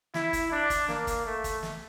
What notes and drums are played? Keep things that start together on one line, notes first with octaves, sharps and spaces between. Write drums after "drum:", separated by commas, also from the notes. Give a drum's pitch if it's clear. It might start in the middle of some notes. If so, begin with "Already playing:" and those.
E4, drum: snare
drum: kick, hi-hat
D4
drum: kick, hi-hat
A#3, drum: snare
drum: kick, hi-hat
A3
drum: kick, hi-hat
drum: snare